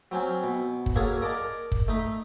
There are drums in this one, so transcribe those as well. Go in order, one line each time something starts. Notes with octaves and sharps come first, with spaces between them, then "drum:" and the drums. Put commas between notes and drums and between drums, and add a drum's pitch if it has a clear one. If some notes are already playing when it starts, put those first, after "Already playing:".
F#3 C4 C#4
B2
drum: kick
A#3 C#4 F#4 G#4 A4
A#4 D5 D#5 A5
drum: kick
A3 D#4 E5